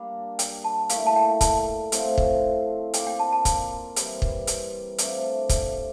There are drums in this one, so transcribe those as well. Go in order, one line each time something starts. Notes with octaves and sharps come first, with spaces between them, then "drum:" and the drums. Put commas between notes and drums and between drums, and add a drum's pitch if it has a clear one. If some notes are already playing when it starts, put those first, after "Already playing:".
Already playing: G3 A#3 D4
G5, drum: hi-hat
A5
A#2 A3 E4 F5, drum: hi-hat
A5
G5
A5, drum: kick, hi-hat
A2 F3 C4, drum: hi-hat
drum: kick
A#3 F4 A#4 D5 G5, drum: hi-hat
G5
A5
A5
drum: kick, hi-hat
E3 G3 C4, drum: hi-hat
drum: kick
drum: hi-hat
C3 F3 A3 D4, drum: hi-hat
drum: kick, hi-hat